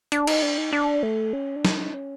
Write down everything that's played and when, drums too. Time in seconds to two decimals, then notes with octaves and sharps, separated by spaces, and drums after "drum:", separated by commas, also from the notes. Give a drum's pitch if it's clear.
0.12 D4, drum: hi-hat
0.27 D#4, drum: cymbal
0.42 D4
0.58 D#4
0.73 D4
1.03 A3
1.33 C#4
1.56 D4
1.65 D#4, drum: snare
1.94 C#4